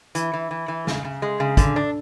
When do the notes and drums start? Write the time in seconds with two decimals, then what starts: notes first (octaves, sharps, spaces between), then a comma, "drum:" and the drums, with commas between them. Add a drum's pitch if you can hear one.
0.15 E3, drum: hi-hat
0.33 E3
0.51 E3
0.68 E3
0.87 C#3, drum: snare
1.05 C#3
1.22 G#3
1.40 C#3
1.57 D3, drum: kick, hi-hat
1.76 D4